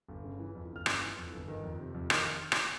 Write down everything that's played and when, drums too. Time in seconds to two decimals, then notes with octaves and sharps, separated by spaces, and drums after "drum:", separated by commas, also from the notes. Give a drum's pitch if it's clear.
0.09 G1
0.24 C#3
0.40 E3
0.55 F2
0.70 G1
0.76 F6
0.86 C#3 E6 F#6, drum: rim click
1.02 E3
1.17 F2
1.32 G1
1.48 D#3
1.64 F2
1.79 C3
1.94 F2
2.10 D#3 D#6 F6, drum: rim click
2.52 drum: rim click